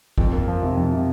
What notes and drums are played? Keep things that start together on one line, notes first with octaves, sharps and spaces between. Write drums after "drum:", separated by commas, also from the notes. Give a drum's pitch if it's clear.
F2, drum: kick G#1
A#3
F3
C3
F2
C3